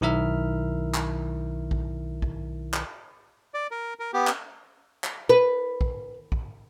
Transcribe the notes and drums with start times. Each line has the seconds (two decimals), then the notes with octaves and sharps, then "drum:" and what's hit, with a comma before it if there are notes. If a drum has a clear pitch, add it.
0.01 B1 D#3 E4 A#4 E5 F6
0.94 drum: clap
1.71 drum: kick
2.22 drum: kick
2.74 drum: clap
3.54 D5
3.71 A#4
4.00 A#4
4.13 B3 G4
4.27 drum: clap
5.04 drum: clap
5.29 B4
5.81 drum: kick
6.32 drum: kick